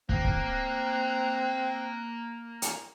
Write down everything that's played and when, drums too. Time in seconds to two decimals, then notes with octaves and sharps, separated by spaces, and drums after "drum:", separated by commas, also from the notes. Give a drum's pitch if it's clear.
0.09 A#3 C4 F#6, drum: kick
0.25 drum: kick
2.62 drum: hi-hat